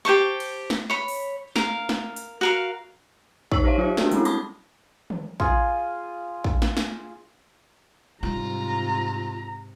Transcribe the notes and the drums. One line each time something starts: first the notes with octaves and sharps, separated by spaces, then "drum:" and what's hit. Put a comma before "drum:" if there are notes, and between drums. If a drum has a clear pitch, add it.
G4 C5 A5 C#6
drum: cymbal
drum: snare
C#5 B5
drum: open hi-hat
A#4 F5, drum: snare
drum: snare
drum: hi-hat
F#4 A#4 F5
D#4 C#5 C#6 E6 F#7, drum: kick
G4 C5 C#5 E5 F5
F#3 F4 G4 C5
A3 B3 D4 F#4 G#4 A#4, drum: snare
G3 G#3 A#3 C4 C#4 E4, drum: hi-hat
A5 B5 C6 D6 D#6 A#6, drum: hi-hat
drum: tom
F4 G#4, drum: kick
drum: kick
drum: snare
drum: snare
G#2 C3 G3 D#4 F4 A#5